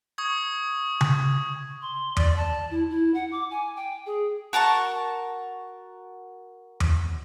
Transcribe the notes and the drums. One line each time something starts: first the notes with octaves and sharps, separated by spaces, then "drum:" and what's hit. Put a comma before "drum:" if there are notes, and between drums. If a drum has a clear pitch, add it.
C#6 D#6 G#6
drum: tom C#3
C6
D5, drum: tom E2
A5
E4
E4
F#5
D6
G#5
G5
G#4
F#4 A#4 A5 C#6
drum: tom E2